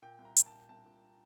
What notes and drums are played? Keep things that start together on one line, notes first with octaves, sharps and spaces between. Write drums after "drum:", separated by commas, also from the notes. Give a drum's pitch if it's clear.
A#2 G5
C2
A#5
A#2, drum: hi-hat
A5
A#2
C2 A5
A#2